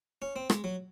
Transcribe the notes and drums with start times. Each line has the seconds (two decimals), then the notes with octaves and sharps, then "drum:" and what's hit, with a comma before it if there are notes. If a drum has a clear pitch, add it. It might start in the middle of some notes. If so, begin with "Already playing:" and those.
0.22 C#4
0.36 C4
0.50 G#3, drum: rim click
0.64 F#3